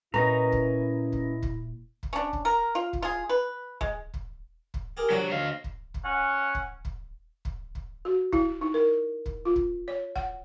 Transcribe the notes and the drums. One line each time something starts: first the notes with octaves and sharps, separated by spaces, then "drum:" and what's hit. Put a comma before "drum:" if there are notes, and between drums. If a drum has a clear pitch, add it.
A#2 C#4 E4 A#4 B4 D#5 A#5
drum: kick
drum: kick
drum: kick
drum: kick
C#4 D4
drum: kick
A#4
F4
drum: kick
F4 G#4
B4
G#3, drum: kick
drum: kick
drum: kick
G4 G#4 A#4
C3 F#3 D4 F#4
D2 D#5 F5
drum: kick
drum: kick
C#4 F#5
drum: kick
drum: kick
drum: kick
drum: kick
F#4
E4, drum: kick
D#4
A#4
drum: kick
F4
drum: kick
C#5
F#5, drum: kick